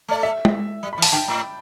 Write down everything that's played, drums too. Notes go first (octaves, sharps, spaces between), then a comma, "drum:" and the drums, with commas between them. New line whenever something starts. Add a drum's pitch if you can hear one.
A3 D5
E5
drum: tom G#3
G3
E3 B5
A5, drum: open hi-hat
D3 G5
A2